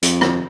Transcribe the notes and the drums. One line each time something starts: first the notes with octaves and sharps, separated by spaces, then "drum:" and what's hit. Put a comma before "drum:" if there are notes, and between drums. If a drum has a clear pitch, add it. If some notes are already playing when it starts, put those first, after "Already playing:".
F2, drum: hi-hat
drum: rim click